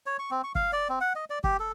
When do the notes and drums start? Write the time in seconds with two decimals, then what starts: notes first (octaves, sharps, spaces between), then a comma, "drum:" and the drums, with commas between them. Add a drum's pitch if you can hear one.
0.06 C#5
0.19 C#6
0.31 C4
0.44 C#6
0.55 F5, drum: kick
0.73 D5
0.89 C4
1.01 F#5
1.15 D#5
1.30 D5
1.44 G4, drum: kick
1.60 A4